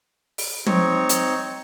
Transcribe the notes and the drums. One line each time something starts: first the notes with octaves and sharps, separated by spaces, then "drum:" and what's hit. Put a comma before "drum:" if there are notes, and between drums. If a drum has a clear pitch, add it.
drum: open hi-hat
C4 D#4 C#5, drum: tom
drum: hi-hat